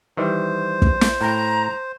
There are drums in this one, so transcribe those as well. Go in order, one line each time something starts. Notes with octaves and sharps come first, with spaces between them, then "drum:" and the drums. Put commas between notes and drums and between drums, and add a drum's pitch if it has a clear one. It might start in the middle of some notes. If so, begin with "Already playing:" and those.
D#3 E3 G3 C5
drum: kick
drum: snare
A2 G5 A#5